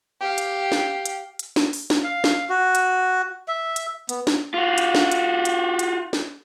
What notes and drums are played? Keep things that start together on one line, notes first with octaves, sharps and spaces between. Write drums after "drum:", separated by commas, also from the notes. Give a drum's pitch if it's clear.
G4 F5
drum: hi-hat
drum: snare
drum: hi-hat
drum: hi-hat
drum: snare
drum: open hi-hat
drum: snare
F5
drum: snare
F#4
drum: hi-hat
E5
drum: hi-hat
B3, drum: hi-hat
drum: snare
F4 F#4
drum: hi-hat
drum: snare
drum: hi-hat
drum: hi-hat
drum: hi-hat
drum: snare